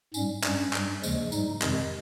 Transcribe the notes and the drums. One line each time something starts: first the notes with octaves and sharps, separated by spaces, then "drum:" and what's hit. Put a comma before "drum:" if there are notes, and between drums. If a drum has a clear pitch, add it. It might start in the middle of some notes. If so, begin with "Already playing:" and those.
G#2 C#4, drum: tambourine
G3
G2 G3 C#4, drum: clap
G2 G3, drum: clap
D#2 C#3 F3 G#3, drum: tambourine
G#2 G3 D#4, drum: tambourine
F2 C3 D#3 G#3, drum: clap